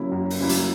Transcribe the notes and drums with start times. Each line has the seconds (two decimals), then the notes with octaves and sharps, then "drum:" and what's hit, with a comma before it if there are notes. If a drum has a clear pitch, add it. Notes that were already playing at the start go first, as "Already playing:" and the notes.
Already playing: C#3 F#3 A#3 E4
0.12 F#2
0.30 drum: open hi-hat
0.40 C#3 F#3 A#3 E4
0.49 drum: hi-hat